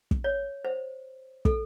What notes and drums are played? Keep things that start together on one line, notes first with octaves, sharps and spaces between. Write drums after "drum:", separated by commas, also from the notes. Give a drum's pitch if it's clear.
drum: kick
C#5
C5
A4, drum: kick